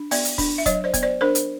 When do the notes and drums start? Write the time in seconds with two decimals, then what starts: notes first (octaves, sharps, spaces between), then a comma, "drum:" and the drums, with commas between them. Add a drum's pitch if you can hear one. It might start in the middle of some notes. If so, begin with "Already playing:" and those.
Already playing: D4
0.11 B3 D5 E5, drum: open hi-hat
0.25 drum: hi-hat
0.38 D4, drum: kick, open hi-hat
0.58 E5
0.66 F#3 C#5 D#5, drum: kick, hi-hat
0.84 C5 D5
0.94 B3, drum: kick, hi-hat
1.03 C5 D5
1.21 D4 A#4 C5
1.35 drum: hi-hat